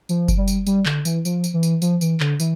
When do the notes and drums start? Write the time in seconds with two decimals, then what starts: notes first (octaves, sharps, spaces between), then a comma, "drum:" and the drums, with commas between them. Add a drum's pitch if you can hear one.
0.09 F3, drum: tambourine
0.28 drum: kick F#1, tambourine
0.37 G3
0.48 drum: tambourine
0.66 G3, drum: tambourine
0.86 D3, drum: clap
1.05 E3, drum: tambourine
1.25 F3, drum: tambourine
1.44 drum: tambourine
1.54 E3
1.63 drum: tambourine
1.82 F3, drum: tambourine
2.01 E3, drum: tambourine
2.20 D3, drum: clap
2.40 E3, drum: tambourine